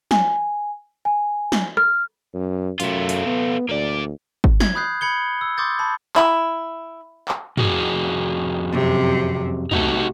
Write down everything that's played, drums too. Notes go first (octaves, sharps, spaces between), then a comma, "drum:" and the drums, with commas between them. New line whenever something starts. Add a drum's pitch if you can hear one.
G#5, drum: snare
G#5
drum: snare
F6, drum: rim click
F#2
F#2 A3 F4, drum: hi-hat
drum: hi-hat
B3
D2 A#3 D5
drum: kick
G#6, drum: snare
B5 D#6 F#6 G6 C7
B5 G#6 C#7 G7
E6
C6 D6 D#6 G6 A6
A5 B5
E4, drum: clap
drum: clap
F2 F#4 G#4, drum: tom
F#2 C3
C3 A3 D#4 F#4 A4, drum: tom